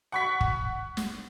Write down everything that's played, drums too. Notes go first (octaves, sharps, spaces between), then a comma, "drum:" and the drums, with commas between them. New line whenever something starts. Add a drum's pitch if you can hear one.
F#5 C#6 B6
drum: kick
drum: snare